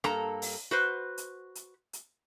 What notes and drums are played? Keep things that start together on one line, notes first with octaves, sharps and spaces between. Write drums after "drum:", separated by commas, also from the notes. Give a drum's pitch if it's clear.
G2 A#3 A4 A#5, drum: rim click
drum: open hi-hat
F#4 B4 C5
drum: hi-hat
drum: hi-hat
drum: hi-hat